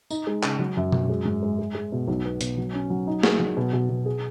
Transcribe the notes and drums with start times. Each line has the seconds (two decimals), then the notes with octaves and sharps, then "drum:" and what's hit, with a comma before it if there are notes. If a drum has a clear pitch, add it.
0.10 D#4, drum: tambourine
0.27 G#3
0.43 C#3, drum: clap
0.59 F#3
0.77 F#2
0.92 F#3, drum: tom B2
1.09 G#3
1.25 G#2
1.43 G#3
1.59 G#3
1.75 G#3
1.92 B2
2.08 B1
2.25 B3
2.41 B2, drum: hi-hat
2.57 F#3
2.74 C#4
2.90 F#3
3.07 D#4
3.23 G#4, drum: snare
3.40 F#3
3.57 B2
3.73 B2
3.89 B2
4.06 G#4